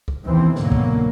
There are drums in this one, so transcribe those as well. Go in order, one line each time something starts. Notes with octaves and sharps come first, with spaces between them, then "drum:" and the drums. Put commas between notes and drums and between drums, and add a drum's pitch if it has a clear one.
drum: kick
D#2 C3 E3 B3 C4
G#2 B2 D3 F#3 A#3, drum: snare
drum: kick